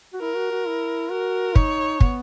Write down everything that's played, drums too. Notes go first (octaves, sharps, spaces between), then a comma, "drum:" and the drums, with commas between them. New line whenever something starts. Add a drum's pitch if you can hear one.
F#4
E4 A#4
F#4
F#4
E4
F#4 A#4
D#4 C#5, drum: kick
B3, drum: kick